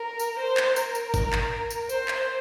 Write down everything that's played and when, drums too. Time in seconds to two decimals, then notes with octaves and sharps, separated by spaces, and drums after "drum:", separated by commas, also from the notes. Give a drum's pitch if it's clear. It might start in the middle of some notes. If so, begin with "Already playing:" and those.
Already playing: A#4
0.19 drum: tambourine
0.39 C5
0.57 drum: clap
0.76 A#4, drum: tambourine
0.95 drum: tambourine
1.14 drum: kick, tambourine
1.33 drum: clap
1.70 drum: tambourine
1.89 C5, drum: tambourine
2.08 drum: clap